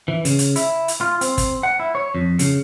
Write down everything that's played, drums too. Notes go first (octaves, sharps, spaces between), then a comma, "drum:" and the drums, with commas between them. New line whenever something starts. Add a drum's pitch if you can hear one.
E3
C#3, drum: hi-hat
drum: hi-hat
E4, drum: hi-hat
drum: hi-hat
F4
C4, drum: hi-hat
drum: kick, hi-hat
F#5
E4
C#5
F2
C#3, drum: hi-hat